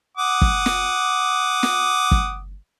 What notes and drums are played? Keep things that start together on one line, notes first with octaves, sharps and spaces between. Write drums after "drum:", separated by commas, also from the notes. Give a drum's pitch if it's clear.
F#5 D6 D#6
drum: kick
drum: snare
drum: snare
drum: kick